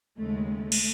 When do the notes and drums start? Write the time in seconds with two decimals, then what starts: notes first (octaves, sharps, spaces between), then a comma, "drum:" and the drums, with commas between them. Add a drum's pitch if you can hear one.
0.18 D#2 C#3 G#3 A3
0.50 A3
0.72 drum: cymbal